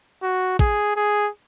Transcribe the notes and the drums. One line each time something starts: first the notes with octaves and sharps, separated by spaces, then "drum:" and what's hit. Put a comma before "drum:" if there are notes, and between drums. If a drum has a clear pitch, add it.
F#4
G#4, drum: kick
G#4